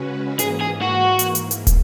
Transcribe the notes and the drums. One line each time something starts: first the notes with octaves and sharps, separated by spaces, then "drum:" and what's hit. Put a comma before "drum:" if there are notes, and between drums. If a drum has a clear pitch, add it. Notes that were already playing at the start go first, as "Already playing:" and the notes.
Already playing: C#3 G#3 C#4 F#4 B4
G#2 E3 A#3 G#4, drum: hi-hat
G#4
F#4
drum: hi-hat
drum: hi-hat
drum: hi-hat
drum: kick, hi-hat